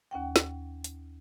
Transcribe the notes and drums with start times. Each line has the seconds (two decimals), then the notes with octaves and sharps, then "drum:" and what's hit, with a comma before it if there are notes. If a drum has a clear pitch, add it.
0.11 D#2 C#4 F#5 G5
0.36 drum: snare
0.84 drum: hi-hat